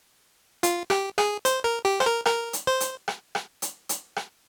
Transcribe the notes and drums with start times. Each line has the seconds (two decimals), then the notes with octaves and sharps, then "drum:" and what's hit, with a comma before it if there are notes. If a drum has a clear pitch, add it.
0.63 F4, drum: hi-hat
0.90 G4, drum: rim click
1.18 G#4, drum: rim click
1.45 C5, drum: hi-hat
1.64 A#4
1.85 G4
2.00 C5, drum: rim click
2.06 A#4
2.25 A#4, drum: rim click
2.53 drum: hi-hat
2.67 C5
2.80 drum: hi-hat
3.08 drum: rim click
3.35 drum: rim click
3.62 drum: hi-hat
3.89 drum: hi-hat
4.16 drum: rim click